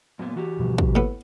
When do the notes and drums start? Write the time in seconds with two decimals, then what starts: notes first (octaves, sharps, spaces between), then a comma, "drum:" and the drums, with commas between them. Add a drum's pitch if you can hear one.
0.19 F#2 A#2 B3
0.35 E3 F#4 G4
0.60 B2 F3 G3
0.78 drum: kick
0.95 A2 B3